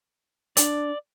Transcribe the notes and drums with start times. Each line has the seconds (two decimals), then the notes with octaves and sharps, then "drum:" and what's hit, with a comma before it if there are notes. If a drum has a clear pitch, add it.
0.57 D4 D5, drum: hi-hat